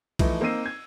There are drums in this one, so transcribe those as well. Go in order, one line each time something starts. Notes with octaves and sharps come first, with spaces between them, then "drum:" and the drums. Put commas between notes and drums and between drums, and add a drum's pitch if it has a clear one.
E3 F3 A3 D#4 E4, drum: kick B1, cymbal
A#3 C4 D#4 E6 C7 D#7
G#6